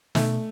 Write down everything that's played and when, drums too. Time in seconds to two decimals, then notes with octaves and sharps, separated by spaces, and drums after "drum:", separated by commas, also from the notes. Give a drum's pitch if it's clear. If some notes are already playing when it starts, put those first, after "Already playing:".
0.15 B2 A3, drum: snare